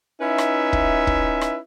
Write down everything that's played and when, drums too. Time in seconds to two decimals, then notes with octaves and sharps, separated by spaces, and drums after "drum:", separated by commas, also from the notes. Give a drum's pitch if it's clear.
0.21 C#4 D#4 E4 B4 E5
0.38 drum: rim click
0.73 drum: kick
1.07 drum: kick
1.41 drum: rim click